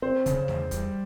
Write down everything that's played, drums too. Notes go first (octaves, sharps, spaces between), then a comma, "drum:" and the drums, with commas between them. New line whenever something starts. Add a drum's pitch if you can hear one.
C4 C5
C#3, drum: kick, hi-hat
E2, drum: snare A3
G3, drum: kick, hi-hat